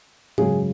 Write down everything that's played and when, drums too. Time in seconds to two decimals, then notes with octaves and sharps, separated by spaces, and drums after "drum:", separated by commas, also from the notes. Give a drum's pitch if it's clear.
0.38 F#2 C#3 G#3 C#4 G#4, drum: tom G#2